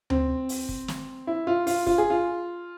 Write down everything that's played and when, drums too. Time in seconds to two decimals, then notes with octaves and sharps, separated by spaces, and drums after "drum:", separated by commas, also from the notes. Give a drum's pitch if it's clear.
0.10 C4, drum: tom D2
0.49 drum: open hi-hat
0.69 drum: kick
0.88 drum: snare
1.27 E4
1.47 F4
1.67 F4, drum: open hi-hat
1.87 F4, drum: kick
1.98 G#4
2.10 F4